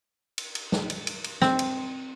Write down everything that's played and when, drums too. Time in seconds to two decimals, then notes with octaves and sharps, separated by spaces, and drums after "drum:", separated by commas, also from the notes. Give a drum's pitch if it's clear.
0.38 drum: cymbal
0.55 drum: cymbal
0.72 drum: snare
0.90 drum: cymbal
1.07 drum: cymbal
1.24 drum: cymbal
1.42 C4, drum: snare
1.59 drum: cymbal